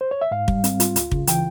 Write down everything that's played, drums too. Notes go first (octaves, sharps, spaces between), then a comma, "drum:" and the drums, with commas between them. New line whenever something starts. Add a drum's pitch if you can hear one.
C5
C#5
E5
G#2 F5
G3, drum: kick
C4, drum: hi-hat
F4, drum: hi-hat
C#2, drum: hi-hat
C#3, drum: kick
E3 G5, drum: hi-hat